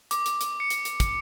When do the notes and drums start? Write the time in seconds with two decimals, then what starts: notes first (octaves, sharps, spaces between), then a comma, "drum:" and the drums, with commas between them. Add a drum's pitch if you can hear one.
0.11 D6, drum: hi-hat
0.26 drum: hi-hat
0.41 drum: hi-hat
0.60 C#7
0.70 drum: hi-hat
0.85 drum: hi-hat
1.00 drum: kick, hi-hat